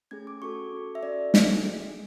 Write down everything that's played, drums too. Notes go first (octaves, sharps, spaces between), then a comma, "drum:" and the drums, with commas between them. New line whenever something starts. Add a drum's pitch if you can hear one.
A3 C#4 G#4 G#6
D6
C#4 F#4 A4 C#6
C#4 F#4 A4
E5
C#4 F#4 A4 D5
C#4 F#4 A4, drum: snare
D4 G#4